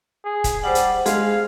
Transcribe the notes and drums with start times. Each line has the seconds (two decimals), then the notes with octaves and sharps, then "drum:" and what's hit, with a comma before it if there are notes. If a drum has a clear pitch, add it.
0.25 G#4
0.44 drum: kick, hi-hat
0.64 G3 C5 F#5
0.75 drum: hi-hat
1.06 G#3 G#4 F5, drum: hi-hat